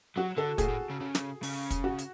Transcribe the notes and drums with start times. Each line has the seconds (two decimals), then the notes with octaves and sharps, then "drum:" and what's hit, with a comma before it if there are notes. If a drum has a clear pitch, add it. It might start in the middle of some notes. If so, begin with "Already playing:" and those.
0.17 F#3 F#4
0.37 D3 A4
0.58 A2 G#4, drum: kick, hi-hat
0.69 A2
0.90 C#3
1.01 C#3
1.15 drum: snare
1.43 C#3, drum: open hi-hat
1.71 drum: kick, hi-hat
1.84 F#4
1.98 drum: hi-hat